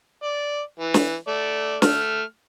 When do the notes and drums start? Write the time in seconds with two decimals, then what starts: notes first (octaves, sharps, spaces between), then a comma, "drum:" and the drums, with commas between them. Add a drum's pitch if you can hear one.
0.24 D5
0.79 E3
0.94 drum: snare
1.28 A3 D5
1.82 A3 F6, drum: snare